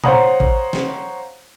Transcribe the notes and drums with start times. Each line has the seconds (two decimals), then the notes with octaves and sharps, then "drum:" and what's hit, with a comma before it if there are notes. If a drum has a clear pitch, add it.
0.04 C5 C#5 F5 F#5 A#5 D#6, drum: tom A#2
0.40 drum: kick A1
0.73 drum: snare